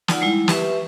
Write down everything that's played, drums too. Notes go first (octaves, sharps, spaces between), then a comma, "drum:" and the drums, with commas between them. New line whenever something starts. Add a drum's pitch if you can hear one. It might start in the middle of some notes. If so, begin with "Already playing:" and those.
D#4 F4 D5 F#5, drum: snare
G3 G#3 E4
G4 B4 E5 C#6, drum: snare